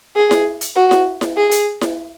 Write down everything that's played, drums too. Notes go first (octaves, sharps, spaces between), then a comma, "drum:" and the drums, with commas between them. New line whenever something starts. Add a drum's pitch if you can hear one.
G#4
drum: snare E4
drum: hi-hat
F#4
drum: snare E4
drum: snare E4
G#4
drum: hi-hat
drum: snare E4